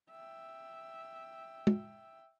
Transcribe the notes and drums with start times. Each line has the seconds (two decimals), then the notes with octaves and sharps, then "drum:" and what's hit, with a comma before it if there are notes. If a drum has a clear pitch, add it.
0.10 E5 G5
1.67 drum: tom